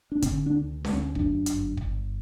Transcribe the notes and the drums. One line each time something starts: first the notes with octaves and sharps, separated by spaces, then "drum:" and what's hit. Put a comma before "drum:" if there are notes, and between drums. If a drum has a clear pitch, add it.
D4
D3 C#4, drum: kick, hi-hat
D4
D2
D2, drum: snare C#4
C#4
F#2 D4, drum: kick
G1, drum: hi-hat
G1, drum: kick